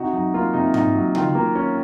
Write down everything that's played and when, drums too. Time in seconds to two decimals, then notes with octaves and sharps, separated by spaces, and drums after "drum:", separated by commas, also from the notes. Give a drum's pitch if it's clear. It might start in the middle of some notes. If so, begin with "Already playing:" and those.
Already playing: C3 D#4 F#4
0.13 F#3 D#4
0.34 A#3 F4
0.53 C3 D#4
0.74 D#4, drum: tom G#2
0.94 F#3
1.15 D#3 F4, drum: tom C#3
1.35 A#3
1.55 C#4